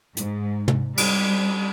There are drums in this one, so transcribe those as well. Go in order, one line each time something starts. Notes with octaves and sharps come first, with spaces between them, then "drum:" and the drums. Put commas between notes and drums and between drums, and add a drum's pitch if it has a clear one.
G#2, drum: hi-hat
drum: tom
G3, drum: cymbal